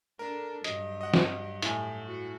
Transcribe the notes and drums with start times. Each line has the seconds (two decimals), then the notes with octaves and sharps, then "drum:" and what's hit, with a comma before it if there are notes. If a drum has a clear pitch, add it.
0.19 D4 A4 A#4
0.64 G2 F#3 G4 D#5, drum: hi-hat
1.01 D#5 F#5
1.14 drum: snare
1.62 A2 G#5, drum: hi-hat
2.05 F#4